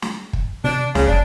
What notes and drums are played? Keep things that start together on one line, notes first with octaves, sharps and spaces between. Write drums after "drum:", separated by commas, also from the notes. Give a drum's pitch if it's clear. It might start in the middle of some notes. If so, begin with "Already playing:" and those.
drum: snare
drum: kick
C3 D4
C#2 C#3, drum: snare
F#1 D4